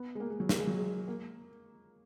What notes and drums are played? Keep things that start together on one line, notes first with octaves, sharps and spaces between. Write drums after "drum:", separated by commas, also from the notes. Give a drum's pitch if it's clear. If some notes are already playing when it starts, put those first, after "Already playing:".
Already playing: B3
G#3
A#3
G#3
F#3
A#3, drum: snare
G#3
F#3
G#3
A#3